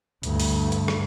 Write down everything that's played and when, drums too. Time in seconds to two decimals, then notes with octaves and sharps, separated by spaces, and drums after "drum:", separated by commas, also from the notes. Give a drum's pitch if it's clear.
0.23 D2 G2, drum: hi-hat
0.40 drum: open hi-hat
0.72 drum: hi-hat
0.88 drum: rim click